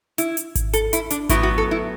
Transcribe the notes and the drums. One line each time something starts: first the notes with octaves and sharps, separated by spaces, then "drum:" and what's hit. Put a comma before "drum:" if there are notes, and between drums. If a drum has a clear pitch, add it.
E4, drum: hi-hat
drum: hi-hat
drum: kick G#1, hi-hat
A4, drum: hi-hat
E4, drum: hi-hat
D4, drum: hi-hat
A2 F#3 B3 E4, drum: kick G#1, hi-hat
F#4
A4
E4